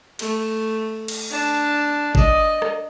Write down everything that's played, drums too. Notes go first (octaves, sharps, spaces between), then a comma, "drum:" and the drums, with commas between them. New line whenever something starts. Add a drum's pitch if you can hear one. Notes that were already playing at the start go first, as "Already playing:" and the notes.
A3, drum: cymbal
drum: cymbal
D4 A5
D5 D#5, drum: kick G1
drum: rim click